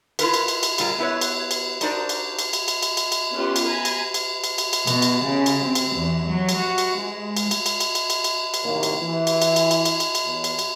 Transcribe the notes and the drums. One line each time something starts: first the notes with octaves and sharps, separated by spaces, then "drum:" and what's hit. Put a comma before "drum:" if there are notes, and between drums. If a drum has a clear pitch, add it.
E4 F4 A#4 B4, drum: cymbal
drum: cymbal
drum: cymbal
drum: cymbal
A#2 G3 F4 G#4 A#4, drum: cymbal
B3 E4 G#4 B4 C#5
drum: cymbal
drum: cymbal
D4 D#4 F#4 A#4 C5 D5, drum: cymbal
drum: cymbal
drum: cymbal
drum: cymbal
drum: cymbal
drum: cymbal
drum: cymbal
drum: cymbal
B3 C#4 F4 G4 B4
drum: cymbal
G#5 A#5 B5
drum: cymbal
drum: cymbal
drum: cymbal
drum: cymbal
drum: cymbal
B2, drum: cymbal
drum: cymbal
C#3
drum: cymbal
C4
drum: cymbal
E2
F#3
drum: cymbal
F#4
drum: cymbal
G#3
drum: cymbal
drum: cymbal
drum: cymbal
drum: cymbal
drum: cymbal
drum: cymbal
drum: cymbal
drum: cymbal
A2 C3 D#3 F#3 A#3
drum: cymbal
E3
drum: cymbal
drum: cymbal
drum: cymbal
drum: cymbal
drum: cymbal
drum: cymbal
drum: cymbal
E2
drum: cymbal
drum: cymbal